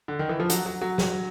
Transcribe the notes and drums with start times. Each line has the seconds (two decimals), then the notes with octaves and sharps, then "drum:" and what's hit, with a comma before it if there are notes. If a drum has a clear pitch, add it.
0.08 D3
0.19 D#3
0.29 E3
0.40 F3
0.50 F#3, drum: hi-hat
0.66 F#3
0.82 F#3
0.98 drum: snare